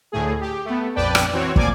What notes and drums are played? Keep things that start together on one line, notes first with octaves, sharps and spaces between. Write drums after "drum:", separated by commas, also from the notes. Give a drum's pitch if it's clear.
D2 A2 A3 G#4
G4
A3 B3
A#1 F2 B4 D5 G5 A5
drum: rim click
E3 C4 F#4 C#5
A#2 F3 A#3 D5 G#5 D6, drum: kick